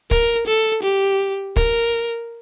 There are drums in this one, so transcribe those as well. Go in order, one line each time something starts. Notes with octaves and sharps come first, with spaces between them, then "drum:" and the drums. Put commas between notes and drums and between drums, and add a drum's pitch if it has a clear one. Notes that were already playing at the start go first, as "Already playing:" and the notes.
A#4, drum: kick
A4
G4
A#4, drum: kick